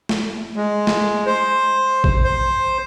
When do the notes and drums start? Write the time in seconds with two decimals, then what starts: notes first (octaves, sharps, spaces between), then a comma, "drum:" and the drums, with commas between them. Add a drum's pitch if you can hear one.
0.09 drum: snare
0.56 G#3
0.87 drum: snare
1.26 C5
2.04 drum: kick A1
2.24 C5